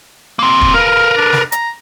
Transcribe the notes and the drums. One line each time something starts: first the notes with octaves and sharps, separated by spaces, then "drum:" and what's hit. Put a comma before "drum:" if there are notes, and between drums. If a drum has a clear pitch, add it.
A#3 C4
drum: kick
A#4 B4 F5
D4
drum: snare
A#5, drum: hi-hat